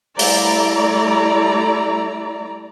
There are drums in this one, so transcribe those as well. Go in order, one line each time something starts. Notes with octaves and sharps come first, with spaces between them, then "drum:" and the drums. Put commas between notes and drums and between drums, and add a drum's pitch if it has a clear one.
G3 A3 E4 D5 A#5, drum: open hi-hat